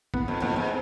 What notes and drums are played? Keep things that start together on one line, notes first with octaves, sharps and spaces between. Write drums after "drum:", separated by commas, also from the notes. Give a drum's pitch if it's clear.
B3, drum: kick
F2
F2 B3, drum: tom
G#2